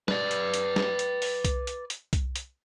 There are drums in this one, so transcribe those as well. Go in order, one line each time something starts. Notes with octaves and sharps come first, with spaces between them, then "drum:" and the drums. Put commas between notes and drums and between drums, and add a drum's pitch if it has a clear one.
B4 D5, drum: snare
drum: hi-hat
drum: hi-hat
drum: snare
drum: hi-hat
drum: open hi-hat
drum: kick C2, hi-hat
drum: hi-hat
drum: hi-hat
drum: kick C2, hi-hat
drum: hi-hat